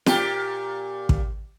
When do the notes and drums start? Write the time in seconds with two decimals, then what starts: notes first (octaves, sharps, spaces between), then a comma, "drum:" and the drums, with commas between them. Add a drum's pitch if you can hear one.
0.06 A#2 G4, drum: snare
1.09 drum: kick